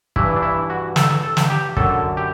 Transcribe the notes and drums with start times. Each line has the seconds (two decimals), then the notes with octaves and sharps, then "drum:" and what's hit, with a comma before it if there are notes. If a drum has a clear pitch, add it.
0.16 G2 E3 E4, drum: kick
0.36 D4
0.43 E4
0.70 F#4
0.96 A4, drum: snare
1.23 A4
1.37 drum: snare
1.50 G4
1.77 F#2 D3 A4, drum: kick
2.17 G4